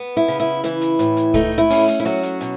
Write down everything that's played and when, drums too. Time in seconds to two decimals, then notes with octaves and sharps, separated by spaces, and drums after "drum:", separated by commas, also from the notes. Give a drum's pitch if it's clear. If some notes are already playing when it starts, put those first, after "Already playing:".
Already playing: B3
0.17 E4
0.28 C#3
0.40 E4
0.64 E3 E4, drum: hi-hat
0.81 drum: hi-hat
0.99 A2, drum: hi-hat
1.17 drum: hi-hat
1.34 A3 D#4, drum: kick C2, hi-hat
1.58 E4
1.70 C#4, drum: open hi-hat
1.88 drum: hi-hat
2.00 E4
2.05 F#3 F#4, drum: hi-hat
2.23 drum: hi-hat
2.41 B2, drum: hi-hat